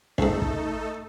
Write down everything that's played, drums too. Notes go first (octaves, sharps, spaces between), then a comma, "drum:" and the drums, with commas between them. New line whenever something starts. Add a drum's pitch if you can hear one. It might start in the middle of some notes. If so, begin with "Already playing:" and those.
C#2 G#2 A3 D#4 A4, drum: kick
drum: kick